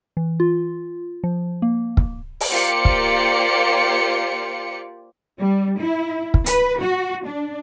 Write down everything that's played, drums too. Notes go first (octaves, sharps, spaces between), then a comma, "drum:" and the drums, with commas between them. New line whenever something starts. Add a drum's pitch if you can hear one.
E3
F4
F3
A#3
drum: kick
drum: open hi-hat
A#3 F4 G4 C5 D5 C#7
drum: kick
G3
E4
drum: kick
B4, drum: hi-hat
F#4
D4